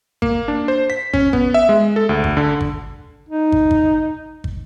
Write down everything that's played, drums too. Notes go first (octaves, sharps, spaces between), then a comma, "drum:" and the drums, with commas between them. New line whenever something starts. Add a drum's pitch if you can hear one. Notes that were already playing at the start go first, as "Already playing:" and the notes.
A#3, drum: kick
D4
C5
B6
C#4, drum: kick
B3, drum: kick
E5
G#3
A4
D2
drum: kick
D3
drum: kick
D#4
drum: kick
drum: kick
drum: kick